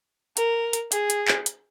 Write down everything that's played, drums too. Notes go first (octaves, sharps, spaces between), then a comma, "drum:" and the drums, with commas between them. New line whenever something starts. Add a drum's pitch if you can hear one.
A#4, drum: hi-hat
drum: hi-hat
G#4, drum: hi-hat
drum: hi-hat
drum: clap
drum: hi-hat